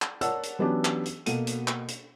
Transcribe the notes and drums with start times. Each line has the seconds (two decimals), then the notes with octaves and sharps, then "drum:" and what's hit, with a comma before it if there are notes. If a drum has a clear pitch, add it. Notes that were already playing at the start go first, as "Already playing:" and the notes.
0.02 drum: clap
0.21 A#4 C#5 D5 F#5 A5 E6, drum: hi-hat
0.43 drum: hi-hat
0.59 E3 F#3 B3 C#4 D4 G4
0.85 drum: clap
1.05 drum: hi-hat
1.26 B2 A#3 F#4 A4 D#7, drum: hi-hat
1.47 drum: hi-hat
1.68 drum: clap
1.88 drum: hi-hat